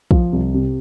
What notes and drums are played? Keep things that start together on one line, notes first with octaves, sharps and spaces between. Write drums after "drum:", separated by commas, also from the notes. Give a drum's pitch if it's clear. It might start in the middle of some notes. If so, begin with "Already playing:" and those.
F3, drum: kick
C2
C3